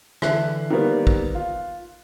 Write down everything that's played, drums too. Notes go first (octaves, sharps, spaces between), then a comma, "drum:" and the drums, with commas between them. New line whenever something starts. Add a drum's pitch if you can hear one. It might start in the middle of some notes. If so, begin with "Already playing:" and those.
D3 E3 A4 E5 F#6 C7, drum: rim click
D#3 G3 A#3 B3 A#4 C5
drum: kick
F4